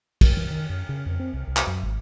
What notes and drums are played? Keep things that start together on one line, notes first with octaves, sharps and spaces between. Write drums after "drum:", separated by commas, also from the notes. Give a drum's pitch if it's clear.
drum: kick, cymbal
E3
D#3
F#2
C#3
F2
C4
C2
C2
drum: clap
F#2
G#1